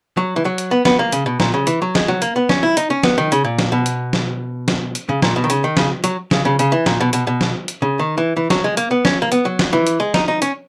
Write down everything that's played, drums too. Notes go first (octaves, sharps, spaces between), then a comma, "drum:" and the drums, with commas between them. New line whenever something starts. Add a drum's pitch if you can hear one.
F#3
E3
F#3
drum: hi-hat
B3
B3, drum: snare
A#3
C#3, drum: hi-hat
B2
A#2, drum: snare
C#3
E3, drum: hi-hat
F#3
G#3, drum: snare
F#3
A#3, drum: hi-hat
B3
C#4, drum: snare
E4
D#4, drum: hi-hat
C#4
B3, drum: snare
D#3
C#3, drum: hi-hat
A#2
drum: snare
B2
drum: hi-hat
drum: snare
drum: snare
drum: hi-hat
C#3
A#2, drum: snare
B2
D#3
C#3, drum: hi-hat
D#3
C#3, drum: snare
F#3, drum: hi-hat
C#3, drum: snare
C#3
C#3, drum: hi-hat
E3
A#2, drum: snare
B2
B2, drum: hi-hat
B2
drum: snare
drum: hi-hat
C#3
D#3
E3
E3
F#3, drum: snare
G#3
A#3, drum: hi-hat
B3
C#4, drum: snare
A#3
B3, drum: hi-hat
F#3
drum: snare
E3
drum: hi-hat
G#3
D#4, drum: snare
D#4
C#4, drum: hi-hat